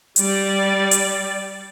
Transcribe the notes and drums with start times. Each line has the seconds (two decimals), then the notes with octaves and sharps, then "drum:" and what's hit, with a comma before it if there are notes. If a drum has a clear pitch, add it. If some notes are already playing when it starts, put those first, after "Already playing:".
0.16 G3 D5, drum: hi-hat
0.91 drum: hi-hat